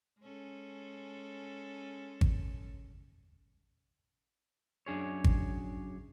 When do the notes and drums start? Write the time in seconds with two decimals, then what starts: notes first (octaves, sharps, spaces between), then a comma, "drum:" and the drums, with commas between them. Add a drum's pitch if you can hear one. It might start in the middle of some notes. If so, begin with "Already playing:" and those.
0.21 G#3 C#4 A4
2.21 drum: kick G#1
4.86 F#2 D4 G#4 C#5
5.24 drum: kick G#1